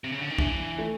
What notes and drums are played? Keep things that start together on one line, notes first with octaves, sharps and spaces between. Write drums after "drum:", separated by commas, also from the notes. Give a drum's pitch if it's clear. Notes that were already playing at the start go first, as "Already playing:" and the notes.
C3
C#3
D3
D#3
E3 D4, drum: kick
A3